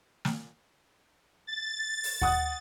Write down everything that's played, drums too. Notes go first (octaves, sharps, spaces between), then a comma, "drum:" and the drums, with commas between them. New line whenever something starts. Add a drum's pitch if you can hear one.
drum: snare
A6
drum: open hi-hat
F#5 D#6 F#6, drum: kick D#2